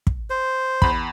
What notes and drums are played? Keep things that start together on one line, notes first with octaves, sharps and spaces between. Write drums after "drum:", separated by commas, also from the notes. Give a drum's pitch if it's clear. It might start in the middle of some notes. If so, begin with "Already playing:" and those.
drum: kick
C5
E2 B5, drum: kick